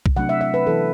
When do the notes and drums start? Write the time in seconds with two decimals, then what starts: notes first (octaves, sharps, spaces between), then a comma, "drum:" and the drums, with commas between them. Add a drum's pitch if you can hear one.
0.06 drum: kick B1
0.16 C3 F#3 A3 D4 F#5
0.29 E5
0.41 E5
0.54 B4
0.67 E3 B3 E4 A4